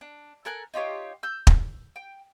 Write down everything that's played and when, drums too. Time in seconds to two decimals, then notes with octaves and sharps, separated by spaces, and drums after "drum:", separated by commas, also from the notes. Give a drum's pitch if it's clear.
0.01 D4
0.45 A4 A#4 G#5 F#6
0.74 D#4 F4 G4 C#5
1.23 E6 G6
1.47 drum: kick
1.96 G5